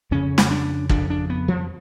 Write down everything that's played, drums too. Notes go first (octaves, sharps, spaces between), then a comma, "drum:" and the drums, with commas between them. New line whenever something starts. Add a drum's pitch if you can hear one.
F2 C#3 C#4
drum: snare
D4
F2 C#3 D4, drum: kick
D4
B3
F3